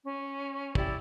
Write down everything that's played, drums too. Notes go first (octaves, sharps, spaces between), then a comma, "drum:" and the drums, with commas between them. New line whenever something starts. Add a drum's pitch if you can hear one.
C#4
E4 G4 D5, drum: kick